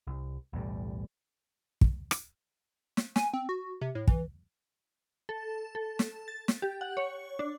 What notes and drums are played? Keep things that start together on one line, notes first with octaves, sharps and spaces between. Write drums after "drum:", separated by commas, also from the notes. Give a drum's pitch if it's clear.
C2
B1 E2 A2 G3
drum: kick
drum: rim click
drum: snare
G#5, drum: snare
C4
F#4
C3
A2
E3, drum: kick
A4
A4
drum: snare
A6
drum: snare
G4
F#5
C#5
D4